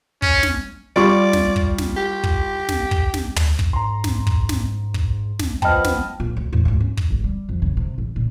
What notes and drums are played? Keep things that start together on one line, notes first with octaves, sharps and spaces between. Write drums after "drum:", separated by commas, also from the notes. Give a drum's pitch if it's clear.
C#4, drum: kick
drum: snare
G3 F4 D5 C#6
drum: snare
drum: kick
drum: snare
G4
drum: kick
drum: snare
drum: kick
drum: snare
drum: tom
drum: kick
G#2 A#5 C6
drum: snare
drum: kick
drum: snare
drum: kick
drum: snare
F3 B3 D#5 G5 A5 B5 F6, drum: kick
drum: snare
A#1 F4
D2
E2 A2
D2 G#2
C#4
drum: kick
G#1
G3
F2
C#3
C3
A1
A#2